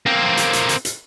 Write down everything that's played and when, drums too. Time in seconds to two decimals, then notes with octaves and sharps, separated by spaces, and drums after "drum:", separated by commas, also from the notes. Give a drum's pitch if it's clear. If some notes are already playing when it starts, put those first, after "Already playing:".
0.06 A#3 C4
0.37 drum: hi-hat
0.53 drum: hi-hat
0.69 drum: hi-hat
0.85 drum: hi-hat